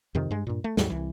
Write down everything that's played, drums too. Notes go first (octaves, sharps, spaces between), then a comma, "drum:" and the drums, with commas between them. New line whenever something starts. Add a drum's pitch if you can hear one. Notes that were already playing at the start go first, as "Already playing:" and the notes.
F2 C3 D#3
G2 G#3
G2 A#2
A3
D#2 G#2 F#3 G3, drum: snare
C2 E3